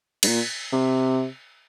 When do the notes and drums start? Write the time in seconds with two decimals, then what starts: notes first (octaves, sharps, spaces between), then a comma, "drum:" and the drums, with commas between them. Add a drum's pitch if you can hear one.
0.23 G2, drum: cymbal
0.27 A#2
0.72 C3